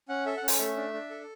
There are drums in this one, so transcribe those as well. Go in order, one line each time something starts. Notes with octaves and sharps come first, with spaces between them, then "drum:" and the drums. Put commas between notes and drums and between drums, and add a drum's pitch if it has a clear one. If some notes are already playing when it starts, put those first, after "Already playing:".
C#4 F#5
A4 E5
F#5
C#4
G#5, drum: open hi-hat
A3 E5
D4
D4
A4